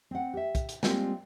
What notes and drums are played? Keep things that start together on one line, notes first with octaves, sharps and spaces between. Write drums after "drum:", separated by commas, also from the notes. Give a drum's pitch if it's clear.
C4 F#5
G4 E5
drum: kick, hi-hat
drum: hi-hat
G3 G#3 A#3 C4 F4 G4, drum: snare